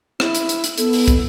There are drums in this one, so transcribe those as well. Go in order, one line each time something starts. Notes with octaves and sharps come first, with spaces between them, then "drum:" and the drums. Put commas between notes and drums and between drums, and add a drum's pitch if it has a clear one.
E4, drum: rim click
drum: hi-hat
drum: hi-hat
drum: hi-hat
B3 A4, drum: hi-hat
drum: open hi-hat
drum: kick, hi-hat